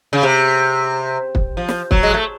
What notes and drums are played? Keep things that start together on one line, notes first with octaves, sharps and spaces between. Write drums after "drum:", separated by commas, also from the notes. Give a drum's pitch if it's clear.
C#3
C3
drum: kick
F3
drum: snare
F#3, drum: kick
G#3
A3